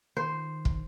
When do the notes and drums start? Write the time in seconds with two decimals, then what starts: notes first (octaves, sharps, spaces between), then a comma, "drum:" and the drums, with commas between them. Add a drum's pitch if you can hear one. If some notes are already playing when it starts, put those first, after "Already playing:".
0.17 D#3 C5
0.65 drum: kick